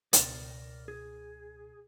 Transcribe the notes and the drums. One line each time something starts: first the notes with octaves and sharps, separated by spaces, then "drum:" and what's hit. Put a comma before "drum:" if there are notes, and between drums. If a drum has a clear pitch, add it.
C#2 B2 A#4 D5, drum: hi-hat
G#4